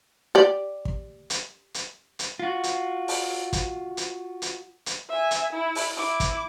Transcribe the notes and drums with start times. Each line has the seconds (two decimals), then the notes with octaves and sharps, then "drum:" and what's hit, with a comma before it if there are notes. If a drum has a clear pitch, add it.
0.35 G4 D5
0.85 drum: kick
1.30 drum: hi-hat
1.74 drum: hi-hat
2.19 drum: hi-hat
2.39 F4 F#4
2.64 drum: hi-hat
3.08 drum: open hi-hat
3.53 drum: kick, hi-hat
3.97 drum: hi-hat
4.42 drum: hi-hat
4.86 drum: hi-hat
5.09 E5 G#5
5.31 drum: hi-hat
5.53 E4
5.75 drum: open hi-hat
5.97 E4 D6
6.20 drum: kick, hi-hat